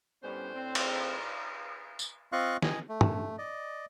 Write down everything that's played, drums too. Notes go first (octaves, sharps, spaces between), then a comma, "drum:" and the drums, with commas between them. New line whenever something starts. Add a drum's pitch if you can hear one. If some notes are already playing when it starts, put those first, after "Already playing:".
A2 G3 B3 C#4 D4 C5
C4
drum: cymbal
drum: tambourine
C4 F4 D#5 F5 C#6 F#6
D#5 G#5, drum: snare
A3
drum: tom
D5 D#5